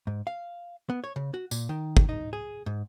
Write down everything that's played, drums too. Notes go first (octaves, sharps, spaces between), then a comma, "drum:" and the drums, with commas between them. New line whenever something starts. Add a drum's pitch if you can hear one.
G#2
F5
B3
C#5
C#3
F#4
A#2, drum: tambourine
D#3
drum: kick
D#4
G#4
G#2